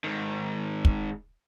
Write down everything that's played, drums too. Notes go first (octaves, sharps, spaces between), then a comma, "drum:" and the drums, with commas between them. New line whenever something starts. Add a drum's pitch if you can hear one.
G#2 D#3
drum: kick